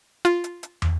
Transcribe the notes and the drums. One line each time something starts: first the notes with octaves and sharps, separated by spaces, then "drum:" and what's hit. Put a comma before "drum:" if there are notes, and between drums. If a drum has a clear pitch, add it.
F4, drum: hi-hat
drum: hi-hat
drum: hi-hat
drum: tom